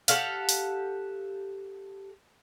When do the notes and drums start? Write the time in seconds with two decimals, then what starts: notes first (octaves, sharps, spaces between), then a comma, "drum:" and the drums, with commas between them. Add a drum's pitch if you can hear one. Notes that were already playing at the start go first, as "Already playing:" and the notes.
0.08 G4 A4 F5 F#5, drum: open hi-hat
0.49 drum: open hi-hat